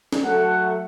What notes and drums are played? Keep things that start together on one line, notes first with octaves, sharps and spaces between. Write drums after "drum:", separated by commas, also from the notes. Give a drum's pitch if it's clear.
drum: snare C#4
F#3 A3 F#5